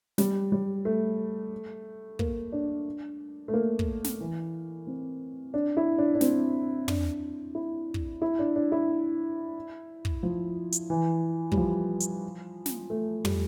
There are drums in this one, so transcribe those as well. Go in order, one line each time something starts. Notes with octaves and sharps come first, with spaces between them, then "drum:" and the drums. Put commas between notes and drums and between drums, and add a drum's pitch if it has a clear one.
G3, drum: snare
G3
A3
A#3, drum: kick
D4
A3
A#3
drum: kick
drum: snare
E3
C4
D4
E4
D4
D4
C4, drum: snare
D4, drum: tom
E4
drum: kick
E4
D4
D4
E4
drum: kick
F3
drum: hi-hat
E3
G3, drum: kick
F3
drum: hi-hat
drum: snare
A3
G3, drum: tom